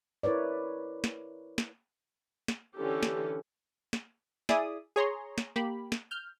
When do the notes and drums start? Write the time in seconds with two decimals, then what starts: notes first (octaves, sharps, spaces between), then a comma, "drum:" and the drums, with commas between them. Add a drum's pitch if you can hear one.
0.23 E4 A#4 B4 C#5 D5
1.04 drum: snare
1.58 drum: snare
2.48 drum: snare
2.76 D3 E3 C#4 G4 A4
3.03 drum: snare
3.93 drum: snare
4.49 E4 G#4 D5 E5 D#6, drum: snare
4.96 G#4 C#5 A#5 C6
5.38 drum: snare
5.56 A#3 G4 B5
5.92 drum: snare
6.11 F6 G6